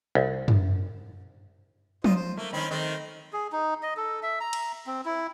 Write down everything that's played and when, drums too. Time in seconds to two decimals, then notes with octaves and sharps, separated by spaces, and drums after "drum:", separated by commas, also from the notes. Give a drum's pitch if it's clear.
0.15 C2
0.48 drum: tom F#2
2.04 F4 C5 D#5, drum: tom F3
2.16 C5
2.37 A3 A#3
2.53 D#3 C4 C#4 D#4 B5
2.71 D#3 A3 C4
3.33 G#4
3.52 D#4
3.83 D#5
3.97 A4
4.23 E5
4.40 A#5
4.53 drum: cymbal
4.87 C4
5.05 E4